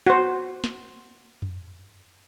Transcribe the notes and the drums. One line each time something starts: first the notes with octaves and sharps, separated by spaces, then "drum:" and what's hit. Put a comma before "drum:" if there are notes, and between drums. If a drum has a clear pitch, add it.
F#4 C5
drum: snare
drum: tom F2